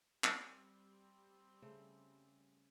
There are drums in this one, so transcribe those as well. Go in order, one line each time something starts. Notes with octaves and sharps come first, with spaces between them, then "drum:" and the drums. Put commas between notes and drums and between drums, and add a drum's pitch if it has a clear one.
G3 C4, drum: clap
C#3 A3 C5